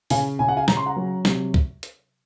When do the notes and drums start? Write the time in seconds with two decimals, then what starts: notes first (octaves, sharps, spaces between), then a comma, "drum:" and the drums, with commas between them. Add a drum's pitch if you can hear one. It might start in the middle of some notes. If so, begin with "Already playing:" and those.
0.10 C#3 F5 G#5, drum: open hi-hat
0.39 C#3 G#5
0.48 F#5
0.57 F5 G#5
0.68 C#3 A#5, drum: snare
0.77 C6
0.86 F#5 A#5
0.96 F#3
1.25 C3, drum: snare
1.54 drum: kick C2
1.83 drum: hi-hat